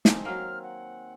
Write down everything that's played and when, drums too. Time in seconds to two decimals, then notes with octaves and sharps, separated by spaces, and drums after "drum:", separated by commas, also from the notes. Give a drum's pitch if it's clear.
0.05 D#3 C4 D#4 A4 G#5 D6, drum: snare
0.25 F#3 A#3 F6
0.63 F#5